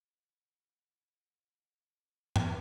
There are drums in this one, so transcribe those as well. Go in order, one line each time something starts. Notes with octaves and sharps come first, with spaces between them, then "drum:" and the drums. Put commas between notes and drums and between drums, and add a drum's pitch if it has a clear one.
E4 F#5
drum: tom G2